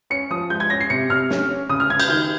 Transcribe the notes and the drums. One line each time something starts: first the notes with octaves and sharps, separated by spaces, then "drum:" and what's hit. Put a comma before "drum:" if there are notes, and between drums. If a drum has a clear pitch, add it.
C#4 C#7
F3 D#6
G#3 G6
G#6
C#4 A#6
C7
C3 C#7
C3 F6
C#4, drum: snare
C#4
C#3 D#6
F6
C#3 G#6
G6, drum: cymbal
D#3 G6